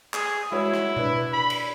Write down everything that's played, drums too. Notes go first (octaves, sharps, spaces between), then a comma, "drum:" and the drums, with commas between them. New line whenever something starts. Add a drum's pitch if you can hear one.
G#4, drum: clap
G#3 E4 F#4 C#5
drum: rim click
D4 B4 D5, drum: tom B2
B5
drum: cymbal